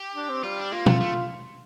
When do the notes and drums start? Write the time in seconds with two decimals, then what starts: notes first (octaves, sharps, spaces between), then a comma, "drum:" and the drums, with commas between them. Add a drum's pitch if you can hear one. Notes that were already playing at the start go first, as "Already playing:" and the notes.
Already playing: G4
0.15 D4
0.29 C4
0.44 G3 F4
0.59 D4
0.72 A#3 F4
0.86 A3, drum: tom B2
1.01 A3